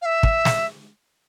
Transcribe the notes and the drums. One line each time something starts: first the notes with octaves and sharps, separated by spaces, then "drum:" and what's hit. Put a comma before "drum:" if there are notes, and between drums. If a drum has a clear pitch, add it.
F5
E5
drum: kick
drum: snare